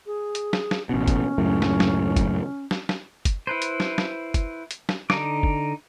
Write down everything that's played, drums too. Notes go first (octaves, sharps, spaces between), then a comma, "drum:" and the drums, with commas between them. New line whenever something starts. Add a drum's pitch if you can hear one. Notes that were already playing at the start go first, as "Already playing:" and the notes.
G#4
drum: hi-hat
drum: snare
drum: snare
A1 B2 C#4
drum: kick F#1, hi-hat
C#2 F#2 A2
drum: snare
drum: snare
drum: kick F#1, hi-hat
drum: snare
drum: snare
drum: kick F#1, hi-hat
E4 B4 C5
drum: hi-hat
drum: snare
drum: snare
drum: kick F#1, hi-hat
drum: hi-hat
drum: snare
D3 D#4 D6, drum: snare
drum: kick F#1